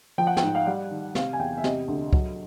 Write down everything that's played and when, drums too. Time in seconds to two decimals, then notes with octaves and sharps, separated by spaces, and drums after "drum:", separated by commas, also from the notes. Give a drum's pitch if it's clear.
0.18 F3 G5
0.27 F#5
0.37 G5, drum: snare
0.43 G#2
0.55 F5
0.66 G3 F#5
0.91 D#3
1.15 C3 F5, drum: snare
1.33 G#5
1.39 E2 G5
1.58 E5
1.64 C3 D#5, drum: snare
1.88 D2
2.13 F#3, drum: kick